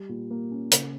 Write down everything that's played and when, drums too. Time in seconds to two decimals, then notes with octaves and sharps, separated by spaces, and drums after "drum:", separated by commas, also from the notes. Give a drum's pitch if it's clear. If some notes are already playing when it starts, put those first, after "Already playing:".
Already playing: G3
0.09 A#2
0.30 A#3
0.52 C#4
0.72 C#3, drum: hi-hat